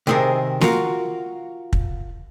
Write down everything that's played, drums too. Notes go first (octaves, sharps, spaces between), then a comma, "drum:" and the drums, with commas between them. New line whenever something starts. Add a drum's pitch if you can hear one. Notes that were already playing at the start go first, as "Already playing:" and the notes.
C3 D#3 C4 G#4 A#4
F4 F#4 A#4, drum: snare
drum: kick